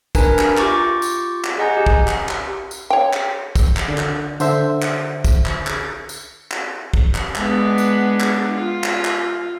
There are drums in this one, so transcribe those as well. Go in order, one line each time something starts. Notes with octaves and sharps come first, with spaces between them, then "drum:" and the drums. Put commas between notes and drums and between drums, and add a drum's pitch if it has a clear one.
D4 A#4 B4 G#5 A#5, drum: kick, tambourine
drum: clap
F4 G4 C#6 D6 G6 A6, drum: clap
drum: tambourine
drum: clap
G#4 D#5 F#5 G#5 A#5 G6
G4
drum: kick
drum: clap
drum: clap
drum: tambourine
C#5 G5
drum: clap
drum: kick, tambourine
drum: clap
D3
drum: clap
D3 C5 E5, drum: tambourine
drum: clap
drum: kick, tambourine
drum: clap
drum: clap
drum: tambourine
drum: clap
drum: kick
drum: clap
G#3 B3 D4, drum: clap
drum: tambourine
drum: clap
F4
drum: clap
drum: clap